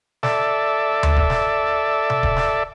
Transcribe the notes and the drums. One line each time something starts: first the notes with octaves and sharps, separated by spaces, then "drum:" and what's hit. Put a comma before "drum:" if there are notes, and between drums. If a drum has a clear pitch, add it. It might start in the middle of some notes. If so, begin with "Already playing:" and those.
A4 D5 E5, drum: snare
drum: tom D2
drum: kick D#1
drum: snare
drum: tom B2
drum: kick D#1
drum: snare